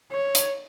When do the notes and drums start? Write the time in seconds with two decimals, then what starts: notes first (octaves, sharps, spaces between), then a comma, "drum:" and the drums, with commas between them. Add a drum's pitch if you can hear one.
0.12 C#5
0.35 drum: hi-hat